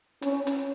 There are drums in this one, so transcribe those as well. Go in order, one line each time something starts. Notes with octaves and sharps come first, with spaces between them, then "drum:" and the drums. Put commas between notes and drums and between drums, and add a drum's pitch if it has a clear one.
C#4, drum: hi-hat
drum: hi-hat